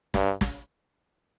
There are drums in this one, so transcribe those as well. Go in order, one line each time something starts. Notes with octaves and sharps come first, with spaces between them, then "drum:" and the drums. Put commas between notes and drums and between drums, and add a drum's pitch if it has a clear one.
G2, drum: snare
drum: snare